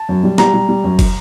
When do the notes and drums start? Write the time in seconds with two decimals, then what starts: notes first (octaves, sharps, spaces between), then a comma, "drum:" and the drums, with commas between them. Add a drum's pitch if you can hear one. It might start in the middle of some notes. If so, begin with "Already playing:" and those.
Already playing: A5
0.09 F#2
0.24 G3
0.38 G3 A#5, drum: snare
0.54 G3
0.69 G3
0.84 F#2
0.99 drum: kick, cymbal